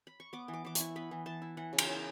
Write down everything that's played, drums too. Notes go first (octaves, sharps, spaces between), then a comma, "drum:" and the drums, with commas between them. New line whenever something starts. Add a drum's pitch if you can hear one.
B5
C#6
B3 D6
E3
D6
E3 D6
E4 C#6, drum: hi-hat
B3 B5
E3
E3 A5
E4
E3 F#5
C#3
E5, drum: cymbal
C#3